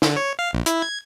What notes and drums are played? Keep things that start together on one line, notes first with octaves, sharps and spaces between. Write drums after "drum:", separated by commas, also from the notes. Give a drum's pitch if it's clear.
D3, drum: snare
C#5
F5
A#1
E4, drum: hi-hat
G#6